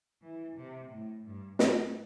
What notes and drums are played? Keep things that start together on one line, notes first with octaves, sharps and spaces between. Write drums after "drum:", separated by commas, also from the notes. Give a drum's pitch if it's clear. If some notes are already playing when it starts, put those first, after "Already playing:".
E3
C3
A2
G2
A2, drum: snare